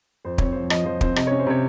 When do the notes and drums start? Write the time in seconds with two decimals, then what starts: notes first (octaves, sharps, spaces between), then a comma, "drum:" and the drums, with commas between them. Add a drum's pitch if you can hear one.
0.25 F2 C5
0.38 C4 C#5, drum: kick
0.52 C5
0.56 F3
0.70 F3 D#5, drum: rim click
0.86 F3 C5
1.01 C4 C5, drum: kick
1.16 C3 D#5, drum: rim click
1.27 C#4 C#5
1.39 C5
1.47 C3 C#5